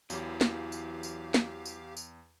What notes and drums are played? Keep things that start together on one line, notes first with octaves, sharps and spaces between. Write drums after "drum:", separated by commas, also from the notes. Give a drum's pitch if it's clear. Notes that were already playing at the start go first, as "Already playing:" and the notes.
E2 E3 F#3 G4 F5, drum: tambourine
drum: snare
drum: tambourine
drum: tambourine
drum: snare
drum: tambourine
drum: tambourine